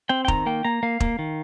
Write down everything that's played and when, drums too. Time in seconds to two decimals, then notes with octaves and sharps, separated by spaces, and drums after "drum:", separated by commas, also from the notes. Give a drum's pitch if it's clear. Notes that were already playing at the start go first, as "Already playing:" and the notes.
0.09 C4 G5
0.25 G5
0.28 D#3 A#5, drum: kick E1
0.46 A#3 G5
0.65 A#3 A#5
0.83 A#3 F5
1.00 A#3, drum: kick E1
1.19 D#3